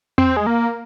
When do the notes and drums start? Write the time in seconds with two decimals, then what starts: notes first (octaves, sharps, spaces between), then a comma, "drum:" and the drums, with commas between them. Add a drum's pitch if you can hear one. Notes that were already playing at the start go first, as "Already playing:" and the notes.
0.18 C4, drum: tom E2
0.37 G#3
0.47 A#3